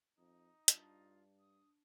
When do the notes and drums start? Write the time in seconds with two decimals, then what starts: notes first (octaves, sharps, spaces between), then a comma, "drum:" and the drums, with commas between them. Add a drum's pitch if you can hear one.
0.18 F2 D#4
0.68 G2 D4 F4, drum: hi-hat
1.39 D#6